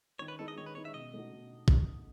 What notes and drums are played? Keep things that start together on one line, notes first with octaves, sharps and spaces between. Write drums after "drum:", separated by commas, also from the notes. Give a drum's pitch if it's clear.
D#3 C#5
B4
G#3 D#4 A4
D#5
D#3 C#5
B4
G#3 D#4 C#5
E5
B2 D#5
A3 D#4 F#4
B2
drum: kick